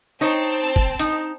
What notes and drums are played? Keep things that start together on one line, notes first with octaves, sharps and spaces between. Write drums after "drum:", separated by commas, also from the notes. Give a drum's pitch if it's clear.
C4 D#4 C#5 A5
drum: kick
D#4, drum: hi-hat